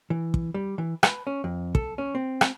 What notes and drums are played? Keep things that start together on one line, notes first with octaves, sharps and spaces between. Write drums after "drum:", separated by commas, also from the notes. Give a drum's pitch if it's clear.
E3
drum: kick
G3
E3
B4, drum: rim click
C#4
F2
A4, drum: kick
C#4
C4
drum: rim click